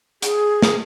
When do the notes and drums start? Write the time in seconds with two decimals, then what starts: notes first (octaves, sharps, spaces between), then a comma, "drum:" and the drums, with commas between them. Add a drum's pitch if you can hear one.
0.22 G#4, drum: hi-hat
0.62 drum: snare